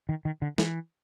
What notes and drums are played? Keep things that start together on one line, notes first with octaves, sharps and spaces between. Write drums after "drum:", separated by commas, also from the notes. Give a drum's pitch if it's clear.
D#3
D#3
D3
E3, drum: snare